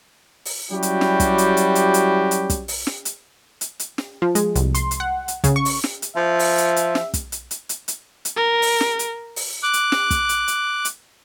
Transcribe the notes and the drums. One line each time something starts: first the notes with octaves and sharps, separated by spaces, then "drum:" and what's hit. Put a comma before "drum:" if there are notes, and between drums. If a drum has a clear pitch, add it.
drum: open hi-hat
F#3 G3 C#4 E4 F#4 G4
drum: hi-hat
drum: snare
drum: kick, hi-hat
drum: hi-hat
drum: hi-hat
drum: hi-hat
drum: hi-hat
drum: hi-hat
drum: kick, hi-hat
drum: open hi-hat
drum: snare
drum: hi-hat
drum: hi-hat
drum: hi-hat
drum: snare
F3
G#3, drum: hi-hat
C2, drum: hi-hat
C6, drum: hi-hat
drum: hi-hat
F#5
drum: hi-hat
C#3, drum: kick, hi-hat
C#6
drum: open hi-hat
drum: snare
drum: hi-hat
F3 E5
drum: open hi-hat
drum: hi-hat
drum: hi-hat
drum: snare
drum: kick, hi-hat
drum: hi-hat
drum: hi-hat
drum: hi-hat
drum: hi-hat
drum: hi-hat
A#4
drum: open hi-hat
drum: snare
drum: hi-hat
drum: open hi-hat
D6 F#6
drum: hi-hat
drum: snare
drum: kick, hi-hat
drum: hi-hat
drum: hi-hat
drum: hi-hat